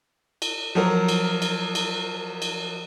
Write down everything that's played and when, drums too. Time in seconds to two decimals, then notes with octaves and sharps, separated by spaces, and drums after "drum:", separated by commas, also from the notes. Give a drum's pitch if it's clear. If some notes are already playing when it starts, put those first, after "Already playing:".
0.42 drum: cymbal
0.75 F3 F#3 A#4
1.08 drum: cymbal
1.42 drum: cymbal
1.75 drum: cymbal
2.42 drum: cymbal